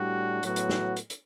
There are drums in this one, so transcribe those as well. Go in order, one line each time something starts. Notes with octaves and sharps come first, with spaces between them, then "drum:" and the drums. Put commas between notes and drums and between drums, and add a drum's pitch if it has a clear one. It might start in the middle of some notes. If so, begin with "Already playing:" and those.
Already playing: A2 G3 D4 F#4
A2 F#3 B3 F#4, drum: hi-hat
drum: hi-hat
drum: snare
drum: hi-hat
drum: hi-hat